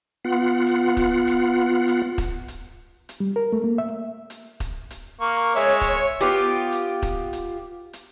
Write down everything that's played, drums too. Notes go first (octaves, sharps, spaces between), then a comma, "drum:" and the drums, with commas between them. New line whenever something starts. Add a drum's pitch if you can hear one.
B3 F4 F#5
drum: hi-hat
drum: kick E1, hi-hat
drum: hi-hat
drum: hi-hat
drum: kick E1, hi-hat
drum: hi-hat
drum: hi-hat
G3
A#4
A3
A#3
E5
drum: hi-hat
drum: kick E1, hi-hat
drum: hi-hat
A#3 C#6
G#3 C#5 E5
drum: kick E1, hi-hat
B3 F4 G4
drum: hi-hat
drum: kick E1, hi-hat
drum: hi-hat
drum: hi-hat